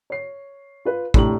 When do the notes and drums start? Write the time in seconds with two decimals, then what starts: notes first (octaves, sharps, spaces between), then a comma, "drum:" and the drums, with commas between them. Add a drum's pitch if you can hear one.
0.10 C#5 C7
0.85 F4 B4
1.14 F1 A2 D4 G4 A#5 F#7, drum: kick